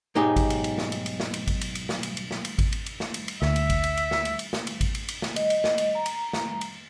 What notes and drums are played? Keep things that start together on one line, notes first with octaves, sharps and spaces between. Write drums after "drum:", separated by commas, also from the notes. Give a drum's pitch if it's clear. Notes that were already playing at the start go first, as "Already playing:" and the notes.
B1 G#2 D#4 G4 G#4
drum: kick G#1, cymbal
drum: cymbal
drum: cymbal
drum: snare
drum: cymbal
drum: cymbal
drum: snare
drum: cymbal
drum: kick G#1, cymbal
drum: cymbal
drum: cymbal
drum: snare
drum: cymbal
drum: cymbal
drum: snare
drum: cymbal
drum: kick G#1, cymbal
drum: cymbal
drum: cymbal
drum: snare
drum: cymbal
drum: cymbal
D2 E5, drum: snare
drum: cymbal
drum: kick G#1, cymbal
drum: cymbal
drum: cymbal
drum: snare
drum: cymbal
drum: cymbal
drum: snare
drum: cymbal
drum: kick G#1, cymbal
drum: cymbal
drum: cymbal
drum: snare
D#5, drum: cymbal
drum: cymbal
drum: snare
drum: cymbal
A#5
drum: cymbal
drum: snare
drum: cymbal